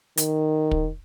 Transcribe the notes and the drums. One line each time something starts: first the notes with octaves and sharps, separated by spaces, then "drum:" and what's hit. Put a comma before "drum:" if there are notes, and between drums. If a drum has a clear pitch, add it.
D#3, drum: hi-hat
drum: kick